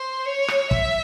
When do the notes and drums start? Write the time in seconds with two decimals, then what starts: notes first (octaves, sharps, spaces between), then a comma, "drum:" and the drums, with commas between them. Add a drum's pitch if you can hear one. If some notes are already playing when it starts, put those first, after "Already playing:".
Already playing: C5
0.25 C#5
0.48 drum: rim click
0.71 E5, drum: kick